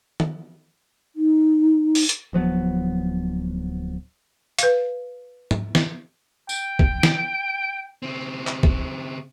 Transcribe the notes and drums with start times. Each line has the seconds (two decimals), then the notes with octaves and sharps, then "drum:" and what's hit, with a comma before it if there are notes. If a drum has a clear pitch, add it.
0.20 drum: tom
1.16 D#4
1.95 drum: open hi-hat
2.09 drum: hi-hat
2.33 D1 F3 F#3 B3
4.59 B4 F5, drum: hi-hat
5.51 drum: tom
5.75 drum: snare
6.49 G5, drum: tambourine
6.79 drum: kick
7.03 drum: snare
8.03 C#3 C4
8.47 drum: clap
8.63 drum: kick